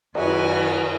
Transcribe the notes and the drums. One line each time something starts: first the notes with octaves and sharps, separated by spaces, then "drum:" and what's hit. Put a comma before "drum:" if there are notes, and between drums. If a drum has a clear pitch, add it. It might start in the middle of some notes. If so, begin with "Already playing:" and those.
F#2 D#3 F#4 B4 G#5 F6, drum: cymbal